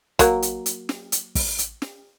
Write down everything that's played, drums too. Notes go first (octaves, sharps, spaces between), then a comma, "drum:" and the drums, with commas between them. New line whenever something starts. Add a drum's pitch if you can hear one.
F#3 A#3, drum: kick, hi-hat
drum: hi-hat
drum: hi-hat
drum: snare
drum: hi-hat
drum: kick, open hi-hat
drum: hi-hat
drum: snare